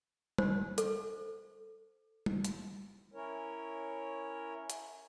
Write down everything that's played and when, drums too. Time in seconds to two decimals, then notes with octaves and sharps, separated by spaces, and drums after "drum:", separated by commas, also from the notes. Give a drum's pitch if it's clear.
0.38 C5, drum: tom G3
0.78 A4, drum: hi-hat
2.26 drum: tom G3
2.44 drum: hi-hat
3.14 C#4 E4 A#4 C#5
4.70 drum: hi-hat